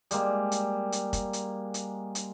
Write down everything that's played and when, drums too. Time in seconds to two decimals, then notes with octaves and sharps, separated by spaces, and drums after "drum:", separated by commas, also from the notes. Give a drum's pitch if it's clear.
0.11 G3 G#3 A#3, drum: hi-hat
0.52 drum: hi-hat
0.92 drum: hi-hat
1.13 drum: kick, hi-hat
1.33 drum: hi-hat
1.74 drum: hi-hat
2.15 drum: hi-hat